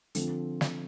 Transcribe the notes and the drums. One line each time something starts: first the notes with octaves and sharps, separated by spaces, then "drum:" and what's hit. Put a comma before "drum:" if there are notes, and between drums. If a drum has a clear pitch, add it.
D3 F3 C4, drum: hi-hat
drum: snare